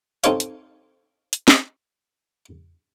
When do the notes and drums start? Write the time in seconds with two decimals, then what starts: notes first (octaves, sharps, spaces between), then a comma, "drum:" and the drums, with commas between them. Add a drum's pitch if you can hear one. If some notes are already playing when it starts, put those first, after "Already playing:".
0.24 C4 D#4 A4 C5 C#5 F5, drum: hi-hat
0.40 drum: hi-hat
1.33 drum: hi-hat
1.48 drum: snare